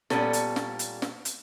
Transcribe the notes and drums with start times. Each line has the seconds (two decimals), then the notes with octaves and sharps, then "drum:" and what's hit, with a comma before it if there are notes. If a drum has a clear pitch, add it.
0.10 A#2 G3 B3 C#4 A4, drum: snare
0.33 drum: hi-hat
0.56 drum: snare
0.79 drum: hi-hat
1.02 drum: snare
1.25 drum: hi-hat